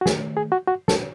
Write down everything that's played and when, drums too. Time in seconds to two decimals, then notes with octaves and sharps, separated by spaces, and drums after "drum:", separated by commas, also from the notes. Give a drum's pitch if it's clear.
0.01 F#4
0.06 D#3 A3 G#4, drum: snare
0.37 G#4
0.52 F#4
0.67 F#4
0.88 A4, drum: snare